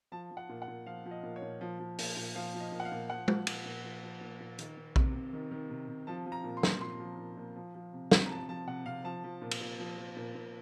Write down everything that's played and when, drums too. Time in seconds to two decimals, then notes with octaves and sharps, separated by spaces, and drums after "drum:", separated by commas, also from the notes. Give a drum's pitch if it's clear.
0.12 F3 A5
0.31 F3
0.37 F#5
0.49 A#2
0.62 F#5
0.68 A#2
0.86 F3 F5
1.05 F3
1.11 D#5
1.23 A#2
1.36 C#5
1.42 A#2
1.61 F3
1.79 F3
1.98 A#2, drum: open hi-hat
2.17 A#2
2.35 F3 F5
2.54 F3
2.60 D#5
2.72 A#2
2.80 F#5
2.85 F5
2.92 A#2
3.10 F3 F#5
3.28 F3, drum: tom G#3
3.47 A#2, drum: cymbal
3.65 A#2
3.84 F3
4.03 F3
4.21 A#2
4.40 A#2
4.59 D#3, drum: hi-hat
4.77 D#3
4.96 C3, drum: kick A#1
5.14 C3
5.33 D#3
5.51 D#3
5.70 C3
5.88 C3
6.07 F3 A5
6.26 F3
6.32 A#5
6.44 A#2
6.57 C6
6.63 A#2, drum: snare
6.81 F3 C6
7.00 F3
7.18 A#2
7.37 A#2
7.56 F3
7.75 F3
7.93 C3
8.11 C3, drum: snare
8.26 A#5
8.30 F3 A5
8.49 F3 A5
8.67 C3 F#5
8.85 C3 F5
9.04 F3 A5
9.24 F3
9.42 A#2
9.51 drum: cymbal
9.61 A#2
9.79 F3
9.98 F3
10.16 A#2
10.35 A#2